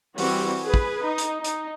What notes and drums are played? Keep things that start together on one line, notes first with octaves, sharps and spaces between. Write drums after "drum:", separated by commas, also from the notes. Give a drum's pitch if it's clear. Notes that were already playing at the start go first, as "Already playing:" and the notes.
E3 G3 C4 F#4, drum: open hi-hat
G#4 B4
drum: kick
D#4
drum: hi-hat
D#4, drum: hi-hat